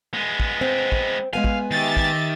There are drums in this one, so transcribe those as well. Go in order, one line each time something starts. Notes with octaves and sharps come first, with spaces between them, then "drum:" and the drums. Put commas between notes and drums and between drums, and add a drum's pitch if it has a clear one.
G#3 B3
drum: kick
C4
drum: kick
G#3 B3 F5 G#5
drum: kick
D#3 G4 E5 A6
drum: kick